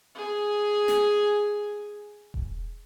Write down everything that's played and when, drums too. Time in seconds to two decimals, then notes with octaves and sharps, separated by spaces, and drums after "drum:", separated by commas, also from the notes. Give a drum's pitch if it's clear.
0.15 G#4 G#5
0.88 drum: snare
2.34 drum: kick E1